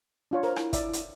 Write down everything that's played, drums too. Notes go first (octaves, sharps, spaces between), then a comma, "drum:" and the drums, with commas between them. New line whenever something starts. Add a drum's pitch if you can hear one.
D4 F4 C#5
A#4 C5
E4, drum: rim click
D5 E5, drum: kick, hi-hat
drum: hi-hat